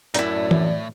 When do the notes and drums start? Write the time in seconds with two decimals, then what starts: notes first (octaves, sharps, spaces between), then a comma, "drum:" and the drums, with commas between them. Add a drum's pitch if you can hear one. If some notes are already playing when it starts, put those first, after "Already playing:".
0.14 F#2 A2 D#4 E4 D5, drum: hi-hat
0.51 drum: tom E3